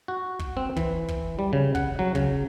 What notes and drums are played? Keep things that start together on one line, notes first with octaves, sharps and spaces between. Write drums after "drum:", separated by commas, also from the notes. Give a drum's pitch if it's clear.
F#4
drum: kick
C4
E3, drum: kick
drum: kick
G3
C#3
F#5, drum: kick
F#3
C#3, drum: kick